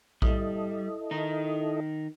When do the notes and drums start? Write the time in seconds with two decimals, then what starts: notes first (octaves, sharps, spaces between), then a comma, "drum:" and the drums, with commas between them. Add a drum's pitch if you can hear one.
0.22 G3 E4 A4 D#5, drum: kick A#1
1.11 D#3 D#4